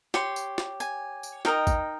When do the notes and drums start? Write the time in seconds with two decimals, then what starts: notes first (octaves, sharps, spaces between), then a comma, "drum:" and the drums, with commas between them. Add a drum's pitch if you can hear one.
0.14 G4 C#5 C6, drum: snare
0.36 drum: tambourine
0.58 drum: snare
0.80 G#5, drum: tambourine
1.23 drum: tambourine
1.45 D#4 A#4 D#5 G5, drum: snare
1.67 drum: kick A1, tambourine